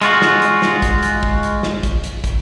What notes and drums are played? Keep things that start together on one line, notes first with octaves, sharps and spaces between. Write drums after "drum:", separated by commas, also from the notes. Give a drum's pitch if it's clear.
G#3 F4 F#4, drum: hi-hat
drum: snare
drum: hi-hat
drum: snare
drum: kick, hi-hat
drum: hi-hat
drum: kick
drum: hi-hat
drum: snare
drum: kick, hi-hat
drum: hi-hat
drum: kick, hi-hat